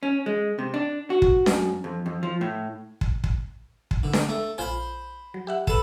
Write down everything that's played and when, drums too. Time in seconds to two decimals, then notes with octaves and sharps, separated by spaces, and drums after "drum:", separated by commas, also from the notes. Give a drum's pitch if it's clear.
0.03 C#4
0.26 G#3
0.59 C3
0.74 D4
1.10 F#4
1.22 drum: kick
1.46 F#2, drum: snare D4
1.84 F2
2.06 F2
2.23 F3
2.41 A2
3.01 drum: kick
3.24 drum: kick
3.91 drum: kick
4.03 D3
4.13 drum: snare D4
4.29 A3
4.58 A#1 F4 C5 G#5 B5
5.34 F#3
5.47 G4 E5 F#5
5.67 A4 B4 E7, drum: kick